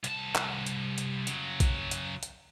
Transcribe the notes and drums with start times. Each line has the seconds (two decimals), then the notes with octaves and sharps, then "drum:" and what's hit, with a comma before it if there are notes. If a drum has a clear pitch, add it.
0.04 C2 A5, drum: hi-hat
0.35 drum: clap
0.67 drum: hi-hat
0.98 drum: hi-hat
1.27 C#3 F#3, drum: hi-hat
1.60 drum: kick A#1, hi-hat
1.91 drum: hi-hat
2.23 drum: hi-hat